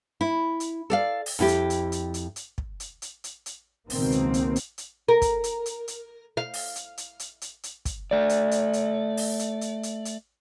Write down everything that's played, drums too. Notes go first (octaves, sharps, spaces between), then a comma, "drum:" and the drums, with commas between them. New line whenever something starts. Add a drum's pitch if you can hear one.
E4
drum: hi-hat
A4 D5 F5
drum: open hi-hat
F2 E4 G4
drum: hi-hat
drum: hi-hat
drum: hi-hat
drum: hi-hat
drum: hi-hat
drum: kick
drum: hi-hat
drum: hi-hat
drum: hi-hat
drum: hi-hat
C#2 B2 D#3 A#3 C4, drum: open hi-hat
drum: hi-hat
drum: hi-hat
drum: hi-hat
drum: hi-hat
A#4
drum: kick, hi-hat
drum: hi-hat
drum: hi-hat
drum: hi-hat
F5
drum: open hi-hat
drum: hi-hat
drum: hi-hat
drum: hi-hat
drum: hi-hat
drum: hi-hat
drum: kick, hi-hat
A3 D5
drum: hi-hat
drum: hi-hat
drum: hi-hat
drum: open hi-hat
drum: hi-hat
drum: hi-hat
drum: hi-hat
drum: hi-hat